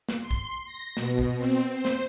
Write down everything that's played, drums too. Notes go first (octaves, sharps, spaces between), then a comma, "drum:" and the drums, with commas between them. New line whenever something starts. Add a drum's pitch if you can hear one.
drum: snare
C6
drum: kick B1
A#6
B2, drum: snare
drum: kick B1
C4
C5
drum: snare